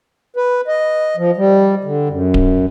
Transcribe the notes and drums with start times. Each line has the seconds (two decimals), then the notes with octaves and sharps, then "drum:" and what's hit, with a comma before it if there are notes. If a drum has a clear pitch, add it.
0.36 B4
0.67 D#5
1.17 F3
1.37 G3
1.84 D3
2.09 F#2
2.34 drum: kick D1